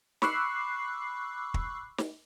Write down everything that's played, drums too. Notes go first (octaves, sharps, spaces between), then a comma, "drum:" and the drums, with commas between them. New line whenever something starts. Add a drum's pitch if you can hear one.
B5 C#6 D6 E6 F#6 C7, drum: snare
drum: kick
drum: snare